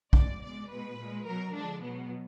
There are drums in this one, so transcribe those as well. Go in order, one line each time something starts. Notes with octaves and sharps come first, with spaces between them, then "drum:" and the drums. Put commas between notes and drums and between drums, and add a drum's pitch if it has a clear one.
B2 G#3 D5, drum: kick B1
B2 G#3 D5
B2 G#3 B4
A#2 G#3
B2 F#3 A#4
D3 F3 G#3 D4
B2 F#3 B3